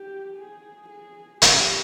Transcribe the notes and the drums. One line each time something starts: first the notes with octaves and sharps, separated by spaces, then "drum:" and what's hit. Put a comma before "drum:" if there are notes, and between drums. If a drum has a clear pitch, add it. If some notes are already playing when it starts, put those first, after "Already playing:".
Already playing: G4
G#4
G#4
G4, drum: hi-hat